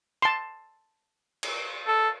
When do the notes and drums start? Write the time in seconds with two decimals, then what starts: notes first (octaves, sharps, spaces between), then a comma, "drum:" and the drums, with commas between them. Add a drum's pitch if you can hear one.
0.22 A5 C6
1.43 drum: cymbal
1.87 A4